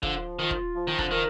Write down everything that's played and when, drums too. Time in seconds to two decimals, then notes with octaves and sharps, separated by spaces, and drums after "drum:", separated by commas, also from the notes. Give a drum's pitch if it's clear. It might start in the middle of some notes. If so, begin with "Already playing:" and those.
0.03 D3 F3, drum: kick
0.39 D#3 F4
0.51 drum: kick
0.75 F3
0.87 D#3
0.98 D3, drum: kick
1.10 D#3 A#4